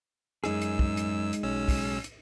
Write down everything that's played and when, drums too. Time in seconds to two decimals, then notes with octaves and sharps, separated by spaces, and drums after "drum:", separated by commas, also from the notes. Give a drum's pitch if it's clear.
0.44 F#2 G#3 D#4 G#4 E6, drum: rim click
0.61 drum: hi-hat
0.79 drum: kick
0.97 drum: hi-hat
1.33 drum: hi-hat
1.43 B1 C#4 E6
1.68 drum: kick, open hi-hat
2.04 drum: hi-hat